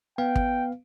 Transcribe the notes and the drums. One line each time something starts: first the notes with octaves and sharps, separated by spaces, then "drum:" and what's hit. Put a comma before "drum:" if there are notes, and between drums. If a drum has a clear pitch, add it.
B3 B4 F5 G5
drum: kick